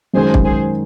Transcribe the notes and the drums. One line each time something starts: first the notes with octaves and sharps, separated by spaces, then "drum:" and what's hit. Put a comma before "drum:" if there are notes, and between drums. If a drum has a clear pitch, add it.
F#2 D#3 G#3 G#4 C5
drum: kick
G#4 C5